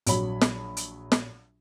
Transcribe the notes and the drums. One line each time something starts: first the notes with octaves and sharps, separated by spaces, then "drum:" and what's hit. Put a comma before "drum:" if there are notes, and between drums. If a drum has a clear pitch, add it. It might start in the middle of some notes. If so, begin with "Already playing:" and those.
A#1 F#3 C#5 B5, drum: hi-hat
drum: snare
drum: hi-hat
drum: snare